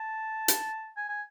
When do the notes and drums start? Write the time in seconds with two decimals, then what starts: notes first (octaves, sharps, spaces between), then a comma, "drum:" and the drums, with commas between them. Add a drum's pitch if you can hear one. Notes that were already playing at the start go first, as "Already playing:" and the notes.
Already playing: A5
0.48 drum: hi-hat
0.97 G#5
1.09 G#5